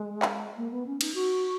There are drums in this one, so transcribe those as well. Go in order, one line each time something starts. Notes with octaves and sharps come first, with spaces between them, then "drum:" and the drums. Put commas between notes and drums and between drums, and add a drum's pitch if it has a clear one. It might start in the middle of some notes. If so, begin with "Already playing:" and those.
Already playing: G#3
drum: clap
A#3
B3
C#4
D#4, drum: cymbal
F#4